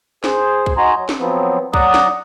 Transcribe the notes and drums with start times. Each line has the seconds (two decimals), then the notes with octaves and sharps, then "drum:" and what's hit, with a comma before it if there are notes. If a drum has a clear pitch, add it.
0.24 G#4 C5, drum: snare
0.66 drum: kick
0.77 D#4 F#4 G#5 A#5 C6
0.97 F#3
1.09 drum: snare
1.19 F3 F#3 B3 C4
1.74 F#3 D5 F#5 A#5 D#6, drum: kick
1.94 drum: snare